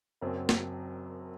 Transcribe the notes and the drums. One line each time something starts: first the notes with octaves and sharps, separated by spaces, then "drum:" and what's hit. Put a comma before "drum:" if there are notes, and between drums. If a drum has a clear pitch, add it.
F#1 F#2 F#3 C4
drum: snare